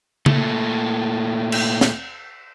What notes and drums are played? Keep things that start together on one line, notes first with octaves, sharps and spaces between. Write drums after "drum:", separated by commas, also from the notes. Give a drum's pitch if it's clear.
A#2 A3, drum: tom C#3
drum: cymbal
drum: snare